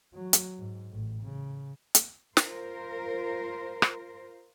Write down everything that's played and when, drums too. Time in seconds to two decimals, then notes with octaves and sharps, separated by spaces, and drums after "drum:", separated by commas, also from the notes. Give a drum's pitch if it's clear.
0.14 F#3
0.33 drum: hi-hat
0.58 G#2
0.90 A1 A2
1.22 C#3
1.95 drum: hi-hat
2.37 F4 A#4 C5, drum: snare
3.82 drum: rim click